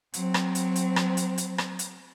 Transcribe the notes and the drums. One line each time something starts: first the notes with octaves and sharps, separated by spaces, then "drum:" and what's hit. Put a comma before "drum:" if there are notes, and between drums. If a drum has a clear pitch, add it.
F#3 C4, drum: hi-hat
drum: rim click
drum: hi-hat
drum: hi-hat
drum: rim click
drum: hi-hat
drum: hi-hat
drum: rim click
drum: hi-hat